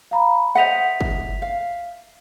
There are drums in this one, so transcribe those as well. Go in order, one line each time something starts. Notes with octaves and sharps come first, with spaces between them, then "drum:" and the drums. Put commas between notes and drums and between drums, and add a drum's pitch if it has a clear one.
F5 A#5 B5
C5 D#5 E5 F#5 B6 F7
drum: kick
F5